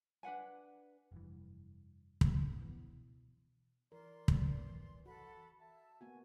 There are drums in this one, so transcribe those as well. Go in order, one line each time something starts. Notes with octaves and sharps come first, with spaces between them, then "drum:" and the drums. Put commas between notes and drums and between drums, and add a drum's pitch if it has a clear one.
D4 B4 F#5 G#5
F1 G2 E3
drum: kick
B2 E3
E3 A#4 D5 C6
drum: kick
F#4 A4 F#5 B5
E5 A5
A#3 B3 F#4 G#5